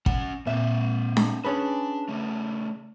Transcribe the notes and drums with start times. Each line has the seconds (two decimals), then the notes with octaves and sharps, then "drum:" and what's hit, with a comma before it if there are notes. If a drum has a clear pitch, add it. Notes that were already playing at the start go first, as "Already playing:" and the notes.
0.06 C#4 F#5, drum: kick
0.47 A#2 A#3 C4 E5
1.17 drum: snare D4
1.45 C#4 D4 G#4 B4
2.09 C#3 A3